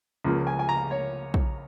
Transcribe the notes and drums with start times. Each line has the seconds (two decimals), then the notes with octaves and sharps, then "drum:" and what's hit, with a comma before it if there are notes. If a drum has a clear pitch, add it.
0.25 C#2 C#3 F3 A#3
0.47 G#5
0.59 G#5
0.69 A#5
0.91 C#5
1.34 drum: kick